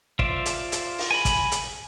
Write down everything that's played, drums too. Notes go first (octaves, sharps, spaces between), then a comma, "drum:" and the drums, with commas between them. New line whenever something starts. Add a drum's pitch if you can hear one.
F4 C5 D5 E5, drum: kick
drum: hi-hat
drum: hi-hat
drum: open hi-hat
G#5 B5
drum: kick, hi-hat
drum: hi-hat